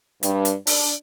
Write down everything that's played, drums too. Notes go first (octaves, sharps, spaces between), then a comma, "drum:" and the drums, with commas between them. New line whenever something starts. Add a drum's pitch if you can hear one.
G2, drum: hi-hat
drum: hi-hat
D4, drum: open hi-hat